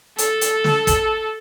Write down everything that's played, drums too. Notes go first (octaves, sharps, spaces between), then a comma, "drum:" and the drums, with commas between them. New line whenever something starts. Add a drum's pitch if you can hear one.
A4, drum: hi-hat
drum: hi-hat
drum: snare
drum: kick, hi-hat